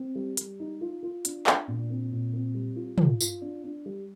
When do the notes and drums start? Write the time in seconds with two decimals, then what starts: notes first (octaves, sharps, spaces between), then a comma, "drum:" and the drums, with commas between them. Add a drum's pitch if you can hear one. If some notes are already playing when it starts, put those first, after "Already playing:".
Already playing: C4
0.15 G3
0.37 G3, drum: hi-hat
0.60 D#4
0.81 F4
1.03 F4
1.25 D4, drum: hi-hat
1.47 D4, drum: clap
1.67 A#2
1.90 C4
2.12 A#2
2.33 C4
2.54 G3
2.76 F4
2.98 F4, drum: tom
3.21 F4, drum: tambourine
3.41 D4
3.64 D4
3.86 G3